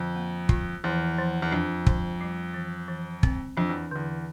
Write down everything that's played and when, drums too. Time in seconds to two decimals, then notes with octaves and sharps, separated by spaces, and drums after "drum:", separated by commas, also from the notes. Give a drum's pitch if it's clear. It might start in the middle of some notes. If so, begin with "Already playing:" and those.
Already playing: F2 D3
0.16 A#3
0.49 F4, drum: kick
0.84 E2 F3
1.18 F3
1.42 E2
1.51 F2 D4
1.86 F3, drum: kick
2.21 G3
2.54 E3
2.88 E3
3.23 C4, drum: kick
3.57 F2 D4
3.70 E2
3.91 E2 D3